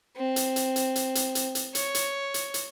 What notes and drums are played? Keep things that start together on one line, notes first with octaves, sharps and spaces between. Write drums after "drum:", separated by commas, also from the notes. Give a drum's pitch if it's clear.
C4
drum: hi-hat
drum: hi-hat
drum: hi-hat
drum: hi-hat
drum: hi-hat
drum: hi-hat
drum: hi-hat
C#5, drum: hi-hat
drum: hi-hat
drum: hi-hat
drum: hi-hat